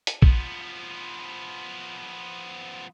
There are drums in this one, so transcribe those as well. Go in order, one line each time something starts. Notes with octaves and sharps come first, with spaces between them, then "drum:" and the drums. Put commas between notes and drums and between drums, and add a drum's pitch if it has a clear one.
drum: hi-hat
F3 B3, drum: kick